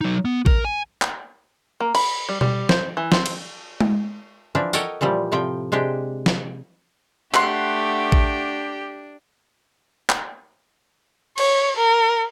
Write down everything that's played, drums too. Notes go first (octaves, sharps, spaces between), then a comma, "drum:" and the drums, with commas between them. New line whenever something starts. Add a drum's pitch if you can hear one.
F#3 D#4
B3
A#4, drum: kick A1
G#5
drum: clap
A#3
B5, drum: cymbal
G3
G3, drum: tom B2
C5, drum: snare
E3
C4, drum: snare
drum: cymbal
drum: tom G#3
E3 F3 D4
A4 A#4 C#5 D#5 F#5 G5, drum: tambourine
A#2 E3 F3 G3
A2 C3 F3 G5
C3 G#3 D4 G4
drum: snare
A3 D4 G4 F#5 C6, drum: clap
drum: kick A1
drum: clap
C#5, drum: cymbal
A#4